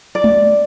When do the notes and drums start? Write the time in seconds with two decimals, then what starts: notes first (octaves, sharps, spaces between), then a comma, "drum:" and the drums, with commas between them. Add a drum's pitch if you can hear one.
0.15 D5
0.24 drum: tom G#3